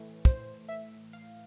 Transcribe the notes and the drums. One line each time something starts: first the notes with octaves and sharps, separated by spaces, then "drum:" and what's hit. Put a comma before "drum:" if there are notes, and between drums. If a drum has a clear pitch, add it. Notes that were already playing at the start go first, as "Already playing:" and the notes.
Already playing: A2 E3 A3
C5, drum: kick
E5
F5